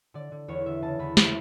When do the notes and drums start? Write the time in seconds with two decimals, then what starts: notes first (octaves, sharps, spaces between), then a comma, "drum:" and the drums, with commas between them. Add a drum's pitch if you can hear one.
0.14 D3 D5
0.32 D3
0.48 E2 C#5
0.66 D3 E5
0.82 C#3 A5
0.99 E2 B5
1.17 E3, drum: snare